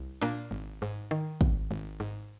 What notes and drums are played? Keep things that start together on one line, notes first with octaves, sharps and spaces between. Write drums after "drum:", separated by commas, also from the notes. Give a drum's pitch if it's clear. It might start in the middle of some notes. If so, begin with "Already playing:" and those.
Already playing: C2
A#2 A#3 D4
G#1
G#2
D#3
G#1, drum: kick
G#1
G#2